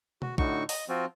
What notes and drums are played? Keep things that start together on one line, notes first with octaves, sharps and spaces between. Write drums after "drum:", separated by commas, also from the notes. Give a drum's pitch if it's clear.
F#4, drum: tom B2
A2 D3 D#4 F#4 C#6, drum: kick
D#5, drum: open hi-hat
F3 C4 F4 F#4